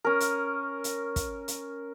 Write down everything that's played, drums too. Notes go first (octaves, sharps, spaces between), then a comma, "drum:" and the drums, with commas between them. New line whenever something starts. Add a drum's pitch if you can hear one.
C#4 A#4
drum: hi-hat
drum: hi-hat
drum: kick, hi-hat
drum: hi-hat